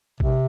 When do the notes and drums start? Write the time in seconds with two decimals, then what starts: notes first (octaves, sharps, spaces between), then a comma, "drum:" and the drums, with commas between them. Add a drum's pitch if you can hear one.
0.20 C3, drum: kick A1